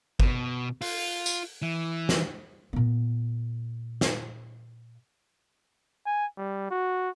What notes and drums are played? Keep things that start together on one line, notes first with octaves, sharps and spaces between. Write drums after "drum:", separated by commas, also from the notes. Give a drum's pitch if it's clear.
B2, drum: kick G1
F4, drum: open hi-hat
drum: tambourine
E3
drum: snare
A#2 B3
drum: snare
G#5
G3
F#4